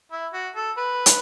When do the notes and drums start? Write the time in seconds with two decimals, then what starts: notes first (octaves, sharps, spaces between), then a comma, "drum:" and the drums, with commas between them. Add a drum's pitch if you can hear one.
0.11 E4
0.33 F#4
0.56 A4
0.77 B4
1.06 drum: hi-hat